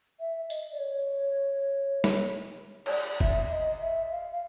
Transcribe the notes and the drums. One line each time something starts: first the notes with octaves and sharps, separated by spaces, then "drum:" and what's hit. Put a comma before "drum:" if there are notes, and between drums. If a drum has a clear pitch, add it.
E5
D#5, drum: tambourine
D5
C#5
drum: snare
C#5, drum: cymbal
D5
E5, drum: kick
D#5
E5
F5
F5